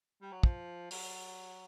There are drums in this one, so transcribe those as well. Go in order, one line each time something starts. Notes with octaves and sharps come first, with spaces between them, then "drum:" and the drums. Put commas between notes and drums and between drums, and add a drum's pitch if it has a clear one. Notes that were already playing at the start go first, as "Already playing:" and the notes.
G3
F#3
F3, drum: kick
F#3, drum: open hi-hat